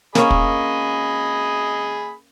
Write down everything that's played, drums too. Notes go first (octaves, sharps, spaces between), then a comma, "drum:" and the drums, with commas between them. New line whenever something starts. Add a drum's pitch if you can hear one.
A#3 C#4 G#4 D#5 B5, drum: snare
drum: kick